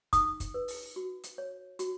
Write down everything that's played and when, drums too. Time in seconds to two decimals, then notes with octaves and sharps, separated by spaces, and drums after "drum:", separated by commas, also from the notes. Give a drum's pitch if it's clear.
0.13 D#4 D#6, drum: kick, hi-hat
0.40 drum: kick, hi-hat
0.54 B4
0.68 drum: open hi-hat
0.96 F#4
1.24 drum: hi-hat
1.38 C#5
1.79 F#4, drum: hi-hat